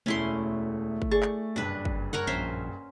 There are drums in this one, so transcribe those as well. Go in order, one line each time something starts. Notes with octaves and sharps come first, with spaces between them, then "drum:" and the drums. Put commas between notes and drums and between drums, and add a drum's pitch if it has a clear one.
E1 D2 A3 C#4 E4 C6
drum: kick
G#4 D5 C#6 A6
drum: clap
F#1 G2 D4 B4
drum: kick
A#4 C#5 F#5
A#1 C#4 C5 E5